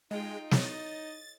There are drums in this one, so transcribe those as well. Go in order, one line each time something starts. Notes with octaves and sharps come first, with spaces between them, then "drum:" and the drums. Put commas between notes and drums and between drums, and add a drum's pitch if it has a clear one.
G#3 D#4 F4 D#5 G5 A5
E4 A4 C#5 D#5 A6, drum: snare